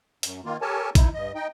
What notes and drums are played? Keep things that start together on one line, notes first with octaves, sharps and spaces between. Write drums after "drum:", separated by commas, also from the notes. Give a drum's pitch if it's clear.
F#2, drum: hi-hat
D#3 A#3 F4
G4 A4 A#4 C#5 G#5 A5
D#4 E4, drum: kick A1, hi-hat
G2 D#5
D#4 D#5 G5